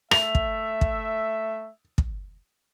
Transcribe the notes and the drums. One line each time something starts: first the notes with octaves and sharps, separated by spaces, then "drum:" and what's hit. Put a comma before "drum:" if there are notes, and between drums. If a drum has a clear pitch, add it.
A3 E5 F7, drum: rim click
drum: kick
drum: kick
drum: kick